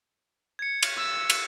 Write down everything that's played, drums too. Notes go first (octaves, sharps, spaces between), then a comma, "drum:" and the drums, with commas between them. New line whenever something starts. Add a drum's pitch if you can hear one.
G#6 C#7
drum: cymbal
E6
drum: cymbal